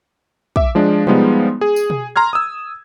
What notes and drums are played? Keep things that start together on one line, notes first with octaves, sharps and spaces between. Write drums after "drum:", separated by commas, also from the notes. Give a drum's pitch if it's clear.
E5 D6, drum: kick
F3 G#3 D4
F3 G3 G#3 B3 D#4, drum: tom B2
G#4
drum: tambourine
drum: tom B2
A#5 C6 F6 G#6
D#6 E6